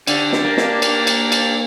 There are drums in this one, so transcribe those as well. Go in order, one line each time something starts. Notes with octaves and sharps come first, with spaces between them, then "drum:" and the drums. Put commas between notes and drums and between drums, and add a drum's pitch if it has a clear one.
D3 D4 G4 D5 F5 A5, drum: cymbal
drum: snare
A#3
drum: snare
drum: cymbal
drum: cymbal
drum: cymbal